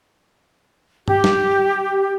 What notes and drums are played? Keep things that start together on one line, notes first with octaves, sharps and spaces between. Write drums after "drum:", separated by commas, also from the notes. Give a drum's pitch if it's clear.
G4, drum: tom G2
drum: snare